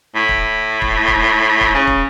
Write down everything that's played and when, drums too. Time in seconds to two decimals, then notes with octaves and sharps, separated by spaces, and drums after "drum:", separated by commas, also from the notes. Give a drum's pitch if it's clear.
0.15 A2
0.29 drum: kick
0.82 drum: kick
1.08 drum: kick
1.61 drum: kick
1.74 C#3
1.87 drum: kick